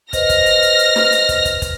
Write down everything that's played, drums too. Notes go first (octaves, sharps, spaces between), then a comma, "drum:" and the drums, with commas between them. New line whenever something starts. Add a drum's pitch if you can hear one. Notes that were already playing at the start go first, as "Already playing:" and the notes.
B4 C5 D#5 F6 A#6, drum: kick, hi-hat
drum: kick, hi-hat
drum: hi-hat
drum: hi-hat
drum: hi-hat
drum: snare
drum: hi-hat
drum: kick, hi-hat
drum: kick, hi-hat
drum: kick, hi-hat